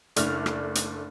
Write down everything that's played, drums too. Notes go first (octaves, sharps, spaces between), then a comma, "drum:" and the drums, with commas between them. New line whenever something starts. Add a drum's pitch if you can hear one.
F#1 A3 D4 F6 F7, drum: hi-hat
drum: rim click
drum: hi-hat